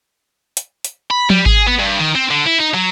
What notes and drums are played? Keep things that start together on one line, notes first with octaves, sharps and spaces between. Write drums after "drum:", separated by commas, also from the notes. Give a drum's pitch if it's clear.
drum: hi-hat
drum: hi-hat
B5
G3, drum: tom F3
G#4, drum: kick G#1
B3
G2
D#3
C4
D3
E4
D#4
F#3